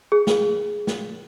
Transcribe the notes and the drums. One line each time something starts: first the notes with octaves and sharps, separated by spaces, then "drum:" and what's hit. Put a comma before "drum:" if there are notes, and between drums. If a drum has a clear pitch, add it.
G#4
drum: snare
drum: snare